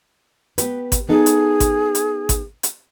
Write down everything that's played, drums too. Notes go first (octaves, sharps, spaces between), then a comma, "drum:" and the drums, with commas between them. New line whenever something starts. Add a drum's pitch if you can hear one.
B3 G4 B4, drum: hi-hat
drum: kick G#1, hi-hat
B3 D#4 G#4 A4
drum: hi-hat
drum: kick G#1, hi-hat
drum: hi-hat
drum: kick G#1, hi-hat
drum: hi-hat